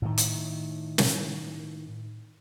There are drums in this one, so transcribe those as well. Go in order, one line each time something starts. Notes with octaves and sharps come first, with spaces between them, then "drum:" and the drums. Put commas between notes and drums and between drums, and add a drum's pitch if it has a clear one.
A2 D#3
drum: hi-hat
drum: snare